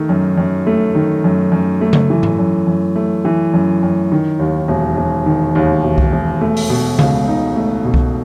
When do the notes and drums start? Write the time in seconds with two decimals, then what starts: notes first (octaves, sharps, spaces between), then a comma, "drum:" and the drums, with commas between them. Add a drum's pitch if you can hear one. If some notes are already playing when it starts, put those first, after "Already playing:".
Already playing: D#3 A3
0.09 F#2
0.38 F#2
0.67 A3
0.95 D#3
1.24 F#2
1.52 F#2
1.81 A3
1.93 drum: tom C#3
2.10 E3
2.23 drum: tom G#2
2.39 F#2
2.67 F#2
2.96 A3
3.25 E3
3.54 F#2
3.83 F#2
4.12 D#3
4.39 D#2
4.68 E1
4.97 E1
5.26 D#3
5.55 D#2
5.84 E1
5.98 drum: kick C2
6.12 E1
6.41 A3
6.57 drum: open hi-hat
6.70 B2
6.99 C#2, drum: tom C#3
7.28 D#4
7.56 A3
7.85 B2
7.94 drum: kick C2